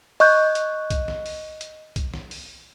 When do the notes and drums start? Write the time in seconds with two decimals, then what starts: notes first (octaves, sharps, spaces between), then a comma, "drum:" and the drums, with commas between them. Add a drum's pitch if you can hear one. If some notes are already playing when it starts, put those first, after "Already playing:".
0.20 D#5 C#6 F#6 G6, drum: open hi-hat
0.55 drum: hi-hat
0.90 drum: kick, hi-hat
1.08 drum: snare
1.26 drum: open hi-hat
1.61 drum: hi-hat
1.96 drum: kick, hi-hat
2.14 drum: snare
2.31 drum: open hi-hat